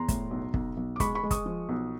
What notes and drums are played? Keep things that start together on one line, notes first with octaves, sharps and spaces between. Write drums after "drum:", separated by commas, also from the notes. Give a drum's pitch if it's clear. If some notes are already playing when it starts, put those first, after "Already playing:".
Already playing: E2 A#5 C6
A2, drum: kick, hi-hat
B1
B1, drum: kick
B1
D6
G#3 B5 C#6, drum: kick, hi-hat
B5 C#6
G#3
C#6 D#6, drum: kick, hi-hat
F3
B1